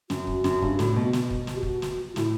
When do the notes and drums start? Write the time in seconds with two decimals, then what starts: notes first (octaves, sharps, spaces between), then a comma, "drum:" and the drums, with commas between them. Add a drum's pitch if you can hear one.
0.10 F#2 F#4, drum: snare
0.27 drum: kick
0.44 F#2, drum: snare
0.62 G2, drum: kick
0.79 A2, drum: snare
0.96 B2
1.13 B2, drum: snare
1.30 drum: kick
1.47 F#4, drum: snare
1.55 G4
1.63 F#4, drum: kick
1.82 drum: snare
2.09 F#4
2.16 A2 E4, drum: snare